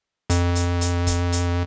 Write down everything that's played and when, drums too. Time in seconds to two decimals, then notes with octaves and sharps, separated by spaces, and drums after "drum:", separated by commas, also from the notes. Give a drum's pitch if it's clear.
0.30 F2, drum: hi-hat
0.55 drum: hi-hat
0.81 drum: hi-hat
1.07 drum: kick, hi-hat
1.32 drum: hi-hat